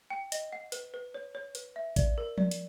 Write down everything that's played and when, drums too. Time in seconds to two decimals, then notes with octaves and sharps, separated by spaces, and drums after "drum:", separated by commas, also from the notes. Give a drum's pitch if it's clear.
0.10 G5
0.32 D#5, drum: hi-hat
0.52 F#5
0.72 B4, drum: hi-hat
0.94 B4
1.14 C#5
1.35 C#5
1.55 B4, drum: hi-hat
1.76 E5
1.96 D5, drum: kick A1, hi-hat
2.18 A#4
2.38 D5, drum: tom F3
2.51 drum: hi-hat